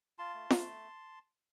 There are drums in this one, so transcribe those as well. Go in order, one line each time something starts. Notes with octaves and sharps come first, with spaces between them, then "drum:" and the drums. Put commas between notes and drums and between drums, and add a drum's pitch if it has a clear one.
F4 A5 C6
A3
A3, drum: snare F4